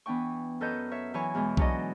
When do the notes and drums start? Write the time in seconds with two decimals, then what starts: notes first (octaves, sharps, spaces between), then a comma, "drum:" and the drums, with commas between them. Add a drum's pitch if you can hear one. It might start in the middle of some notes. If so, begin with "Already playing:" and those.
0.06 E3 B3 D4 G5 C#6
0.60 F#2 A4 B4 C#5 D#5 G6
0.92 C#5 E5
1.14 E3 F#3 E4 C#5 G#5 C#6
1.35 E2 B2 G#3
1.57 E3 F#3 D4 F#4 D5 D#5, drum: kick B1